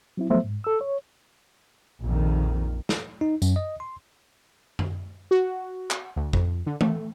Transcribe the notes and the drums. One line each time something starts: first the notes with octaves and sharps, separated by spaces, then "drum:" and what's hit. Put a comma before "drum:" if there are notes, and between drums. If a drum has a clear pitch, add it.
F#3 C4 E4
F3 F#3 A3 B3 C5 E5
G#2
A4 E6
C#5
A#1 F2 D#3
drum: snare
D#4
F#2, drum: tambourine
D#5
C6
drum: tom F#2
F#4
drum: clap
D2
F2, drum: kick
D3
A3, drum: tom